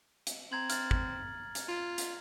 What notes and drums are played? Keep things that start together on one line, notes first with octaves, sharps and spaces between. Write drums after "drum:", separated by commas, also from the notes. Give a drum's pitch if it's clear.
drum: hi-hat
C4 A#5 G#6 F#7
F6 A6, drum: hi-hat
drum: kick
drum: hi-hat
F4
drum: hi-hat